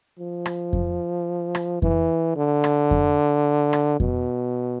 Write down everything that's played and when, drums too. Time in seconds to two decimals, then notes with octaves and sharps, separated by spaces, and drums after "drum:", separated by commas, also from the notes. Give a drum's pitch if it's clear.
0.19 F3
0.46 drum: rim click
0.73 drum: kick F2
1.55 drum: rim click
1.82 E3, drum: kick F2
2.36 D3
2.64 drum: rim click
2.91 drum: kick F2
3.73 drum: rim click
4.00 B2, drum: kick F2